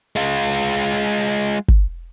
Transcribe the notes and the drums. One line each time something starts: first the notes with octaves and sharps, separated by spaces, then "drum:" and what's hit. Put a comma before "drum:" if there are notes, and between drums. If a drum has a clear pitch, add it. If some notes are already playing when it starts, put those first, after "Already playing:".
G#3 F4
drum: kick